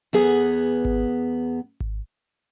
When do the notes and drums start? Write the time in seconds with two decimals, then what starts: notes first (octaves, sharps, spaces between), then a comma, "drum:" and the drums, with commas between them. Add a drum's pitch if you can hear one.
0.13 E2 B3 G#4 F#5
0.85 drum: kick G#1
1.81 drum: kick G#1